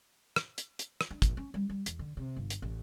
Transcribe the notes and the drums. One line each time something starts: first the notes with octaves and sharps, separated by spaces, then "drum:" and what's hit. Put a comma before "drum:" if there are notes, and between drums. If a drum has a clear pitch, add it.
drum: rim click
drum: hi-hat
drum: hi-hat
drum: rim click
D4
A#1, drum: kick, hi-hat
C#4
G3
G3
E2, drum: hi-hat
D3
C3
G1
drum: hi-hat
A1